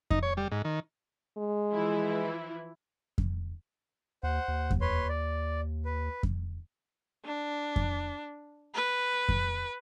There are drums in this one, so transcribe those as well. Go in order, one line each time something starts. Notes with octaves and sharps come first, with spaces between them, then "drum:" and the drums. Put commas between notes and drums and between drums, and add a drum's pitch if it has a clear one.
D#4, drum: kick F2
C#5
G3
G#2
D#3
G#3
E3 F3 E4
drum: kick F2
D#2 C5 F#5
D#2
drum: kick F2
B4 C#5 C6
D5
B4
drum: kick F2
D4
drum: kick F2
B4
drum: kick F2